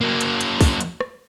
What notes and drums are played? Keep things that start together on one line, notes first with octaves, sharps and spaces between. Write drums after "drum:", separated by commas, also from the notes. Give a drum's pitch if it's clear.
F#3 A#3
drum: hi-hat
drum: hi-hat
drum: kick, open hi-hat
drum: hi-hat
drum: rim click